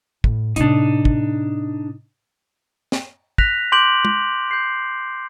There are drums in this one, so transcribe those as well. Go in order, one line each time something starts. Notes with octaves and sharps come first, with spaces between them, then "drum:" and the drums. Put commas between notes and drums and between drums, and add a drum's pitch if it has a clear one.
A2, drum: kick
A2 C3 D4 D#4, drum: hi-hat
drum: kick
drum: snare
F#6 A#6 B6 F7, drum: kick
C6 D6 G6 D7 F#7
drum: tom
G6 C7